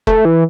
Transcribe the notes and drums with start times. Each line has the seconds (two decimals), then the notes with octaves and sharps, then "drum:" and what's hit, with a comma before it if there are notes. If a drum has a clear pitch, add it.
0.07 A3, drum: kick F1
0.25 E3